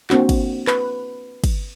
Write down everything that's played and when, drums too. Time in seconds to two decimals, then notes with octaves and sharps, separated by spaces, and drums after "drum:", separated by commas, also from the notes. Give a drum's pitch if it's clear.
0.10 A#3 C4 D4 F#4, drum: clap
0.29 drum: kick, cymbal
0.67 B4, drum: clap
1.44 drum: kick, cymbal